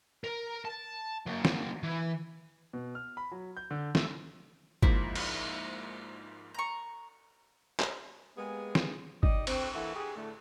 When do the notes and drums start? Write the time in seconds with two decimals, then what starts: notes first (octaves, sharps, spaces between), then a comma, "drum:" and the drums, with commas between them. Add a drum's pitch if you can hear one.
0.24 A#4
0.65 A5
1.26 F#3 A#3
1.45 drum: snare
1.83 E3
2.73 B2
2.95 F6
3.17 B5
3.32 F#3
3.57 G6
3.71 D3
3.95 A3, drum: snare
4.83 G#2 F3 A#3 E4, drum: kick
5.15 drum: cymbal
6.55 A#5 C#6
7.80 drum: clap
8.37 G#3 A#3 B3 G4 G#4
8.75 drum: snare
9.23 D#4 G4 D5 D#5, drum: kick
9.47 C4, drum: cymbal
9.74 E3 A#3 A4 E5 F#5
9.95 G4 G#4
10.16 A2 D3 A3